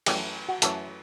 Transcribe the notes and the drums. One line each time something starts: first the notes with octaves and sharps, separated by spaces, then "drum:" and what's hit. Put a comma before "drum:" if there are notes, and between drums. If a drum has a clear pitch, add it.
F#2 E3 G3 A3 C#4 G4, drum: cymbal
F#4
F#2 E3 A3 C#4 A4, drum: hi-hat